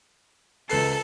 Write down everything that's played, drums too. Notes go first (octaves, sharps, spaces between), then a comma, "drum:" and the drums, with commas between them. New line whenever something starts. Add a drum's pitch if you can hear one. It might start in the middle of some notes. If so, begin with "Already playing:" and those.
C#2 A4 B4 C7, drum: open hi-hat